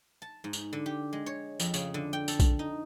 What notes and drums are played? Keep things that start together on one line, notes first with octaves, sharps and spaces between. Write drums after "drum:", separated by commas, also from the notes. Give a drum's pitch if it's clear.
A5
G#2
drum: tambourine
D3
G4
G#3
C#5
F2, drum: tambourine
C#3, drum: tambourine
D3
G5
A4, drum: tambourine
drum: kick A#1, tambourine
D#4